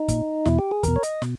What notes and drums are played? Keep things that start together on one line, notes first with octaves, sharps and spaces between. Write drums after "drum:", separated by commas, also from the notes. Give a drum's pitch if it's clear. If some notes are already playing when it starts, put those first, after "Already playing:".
Already playing: D#4
A#2, drum: kick, hi-hat
E2 B2 E4, drum: snare
G4
G#4
E2 B2 A#4, drum: kick, hi-hat
C#5
D#5, drum: hi-hat
B2, drum: snare